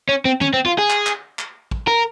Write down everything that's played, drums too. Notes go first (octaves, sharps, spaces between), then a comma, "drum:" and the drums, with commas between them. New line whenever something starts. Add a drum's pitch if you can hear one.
C#4
C4
C#4, drum: tom
C4
F4
G#4
drum: clap
drum: clap
drum: clap
drum: kick
A#4